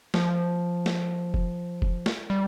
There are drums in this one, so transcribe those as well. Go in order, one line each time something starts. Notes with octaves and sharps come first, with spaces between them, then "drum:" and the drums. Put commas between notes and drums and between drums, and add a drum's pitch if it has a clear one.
F3, drum: snare
drum: snare
drum: kick F1
drum: kick F1
drum: snare
G3